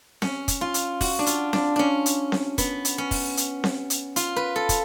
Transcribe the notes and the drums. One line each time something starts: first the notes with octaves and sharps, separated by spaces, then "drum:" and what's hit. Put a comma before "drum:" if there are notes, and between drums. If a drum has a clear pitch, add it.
C#4, drum: snare C4
drum: kick, hi-hat
F4
drum: hi-hat
F#4, drum: kick, open hi-hat
D4
F4, drum: hi-hat
D4, drum: snare C4
C#4 D4
drum: hi-hat
drum: snare C4
B3, drum: kick, hi-hat
drum: hi-hat
C#4
drum: kick, open hi-hat
drum: hi-hat
drum: snare C4
drum: hi-hat
F4, drum: hi-hat
B4
A4
drum: kick, hi-hat